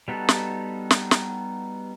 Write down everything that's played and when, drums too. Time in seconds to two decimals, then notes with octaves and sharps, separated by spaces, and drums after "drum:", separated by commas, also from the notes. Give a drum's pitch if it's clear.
0.08 G3 B3 D#4 F#4 A4
0.29 drum: snare
0.91 drum: snare
1.11 drum: snare